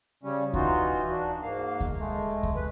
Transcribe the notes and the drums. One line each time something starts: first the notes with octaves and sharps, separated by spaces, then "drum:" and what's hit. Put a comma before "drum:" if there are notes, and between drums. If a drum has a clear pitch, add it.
C#3 G3 C#4
E3 D#4 F4 F#4, drum: kick D2
D4 F#4
G#2 A#3 F5
drum: kick D2
G#3 A3
drum: kick D2
B4